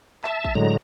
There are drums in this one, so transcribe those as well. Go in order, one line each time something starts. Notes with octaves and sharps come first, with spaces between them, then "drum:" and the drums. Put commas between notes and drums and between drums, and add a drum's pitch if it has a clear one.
E5 A5, drum: clap
drum: kick
A2 D3 F#3 G#3 A#5